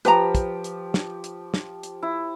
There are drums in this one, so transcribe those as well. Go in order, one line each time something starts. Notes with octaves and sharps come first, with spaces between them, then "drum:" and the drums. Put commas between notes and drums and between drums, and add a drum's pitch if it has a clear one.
F3 G4 B4 A#5, drum: hi-hat
drum: kick, hi-hat
drum: hi-hat
drum: snare
drum: hi-hat
drum: snare
drum: hi-hat
E4